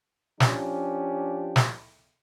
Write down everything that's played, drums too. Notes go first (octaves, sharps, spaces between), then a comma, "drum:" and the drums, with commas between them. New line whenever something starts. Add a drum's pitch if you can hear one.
F3 C#4 D4 G4, drum: snare
drum: snare